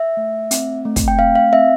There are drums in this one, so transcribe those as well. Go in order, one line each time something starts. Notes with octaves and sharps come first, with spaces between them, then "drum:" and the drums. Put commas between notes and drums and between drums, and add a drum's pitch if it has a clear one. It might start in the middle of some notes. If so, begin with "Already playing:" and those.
Already playing: E5
A3
C4, drum: hi-hat
A3
drum: kick, hi-hat
G5
C4 F5
F5
C4 E5